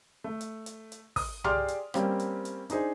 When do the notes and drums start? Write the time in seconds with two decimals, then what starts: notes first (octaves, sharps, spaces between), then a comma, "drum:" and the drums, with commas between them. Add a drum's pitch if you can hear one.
0.24 A3
0.41 drum: hi-hat
0.66 drum: hi-hat
0.92 drum: hi-hat
1.16 D#6, drum: kick, open hi-hat
1.44 G4 G#4 D5 C6 D6 F6, drum: tom C2
1.68 drum: hi-hat
1.94 G3 A#3 C4 C#4 G4, drum: rim click
2.19 drum: hi-hat
2.45 drum: hi-hat
2.70 D4 D#4 G#4 C5, drum: hi-hat